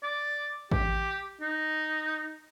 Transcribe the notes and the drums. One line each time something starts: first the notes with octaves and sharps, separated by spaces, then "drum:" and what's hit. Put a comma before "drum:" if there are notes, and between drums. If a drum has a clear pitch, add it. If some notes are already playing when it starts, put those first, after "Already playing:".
D5
G4, drum: kick A1
D#4